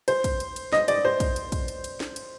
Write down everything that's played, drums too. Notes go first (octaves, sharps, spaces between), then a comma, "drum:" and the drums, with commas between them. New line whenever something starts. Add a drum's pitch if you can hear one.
C5, drum: cymbal
drum: kick, cymbal
drum: cymbal
drum: cymbal
D#5, drum: snare
D5, drum: cymbal
C5
drum: kick, cymbal
drum: cymbal
drum: kick, cymbal
drum: cymbal
drum: cymbal
drum: snare
drum: cymbal